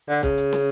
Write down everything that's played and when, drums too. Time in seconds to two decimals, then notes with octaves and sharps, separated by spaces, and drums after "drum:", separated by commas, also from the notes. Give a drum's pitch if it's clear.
0.09 D3
0.23 C#3, drum: kick B1, hi-hat
0.38 drum: hi-hat
0.53 drum: snare